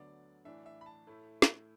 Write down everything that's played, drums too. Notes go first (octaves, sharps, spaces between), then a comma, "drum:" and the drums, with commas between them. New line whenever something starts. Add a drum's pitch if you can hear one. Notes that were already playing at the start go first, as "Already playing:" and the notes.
Already playing: D2 D3 F#3 B3 D5
A2 E3 D4 E5
E5
B5
A5
A2 A3 E4
drum: snare